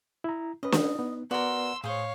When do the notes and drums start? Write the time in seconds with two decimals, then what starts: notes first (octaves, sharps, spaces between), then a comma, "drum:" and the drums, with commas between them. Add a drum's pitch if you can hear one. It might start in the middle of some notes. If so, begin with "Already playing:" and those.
0.24 E4 A#5
0.63 C#4 B4 D#5
0.72 drum: snare
0.95 B3 D#4
1.31 B3 F#4 A#4 B4 D5 C6 E6
1.84 A2 G#4 C5 C#5 F5